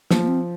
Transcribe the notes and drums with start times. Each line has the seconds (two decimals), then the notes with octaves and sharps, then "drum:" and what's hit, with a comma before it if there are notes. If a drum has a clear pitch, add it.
0.11 F3 A#3, drum: snare
0.21 A#3
0.28 C4